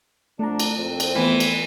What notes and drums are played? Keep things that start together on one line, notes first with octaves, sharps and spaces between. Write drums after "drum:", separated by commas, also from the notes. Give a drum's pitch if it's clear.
F2 D3 A3 D4 A#5
drum: cymbal
F2 A#2 C4
drum: cymbal
E3 A3 B3 B4
drum: cymbal